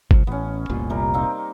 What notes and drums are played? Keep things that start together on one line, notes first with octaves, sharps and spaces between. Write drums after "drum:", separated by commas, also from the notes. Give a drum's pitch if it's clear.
C2, drum: kick G1
A1 B3 C#4
F1 C2 A#2
C3 G3 A#4
A#3 C4 D#4